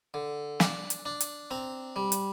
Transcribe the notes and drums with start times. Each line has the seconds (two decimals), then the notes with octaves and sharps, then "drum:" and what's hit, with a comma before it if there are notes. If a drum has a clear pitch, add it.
0.14 D3
0.60 D4, drum: snare
0.90 drum: hi-hat
1.06 D4
1.20 drum: hi-hat
1.51 C4 A#5
1.96 G3
2.12 drum: hi-hat